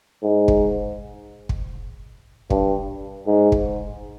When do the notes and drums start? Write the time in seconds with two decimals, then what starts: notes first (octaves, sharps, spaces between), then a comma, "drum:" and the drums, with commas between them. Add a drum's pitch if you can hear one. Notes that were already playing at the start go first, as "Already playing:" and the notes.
0.23 G#2
0.48 drum: kick
1.49 drum: kick
2.50 G2, drum: kick
3.27 G#2
3.52 drum: kick